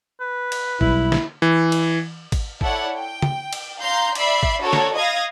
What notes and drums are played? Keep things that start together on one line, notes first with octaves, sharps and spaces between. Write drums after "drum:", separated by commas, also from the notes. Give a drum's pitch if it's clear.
B4
drum: cymbal
B1 G3 E4, drum: kick G#1
drum: snare
E3
drum: cymbal
drum: kick G#1, cymbal
E4 A4 C#5 D5 F#5, drum: kick G#1
G5
drum: tom
drum: cymbal
F5 A#5 C6 G6
D5 E5 B5 C7, drum: cymbal
drum: kick G#1
D4 F#4 A4 A#4 C#5 A5
drum: snare
D#5 F5 B5 D#6 G#6 A#6